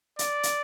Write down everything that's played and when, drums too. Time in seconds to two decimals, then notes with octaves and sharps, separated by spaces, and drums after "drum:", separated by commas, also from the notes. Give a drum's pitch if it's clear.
0.19 D5, drum: hi-hat
0.43 drum: hi-hat